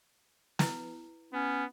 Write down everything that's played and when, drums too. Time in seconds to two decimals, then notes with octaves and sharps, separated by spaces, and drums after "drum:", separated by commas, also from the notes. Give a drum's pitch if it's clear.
0.59 E4 B4, drum: snare
1.33 B3 C#4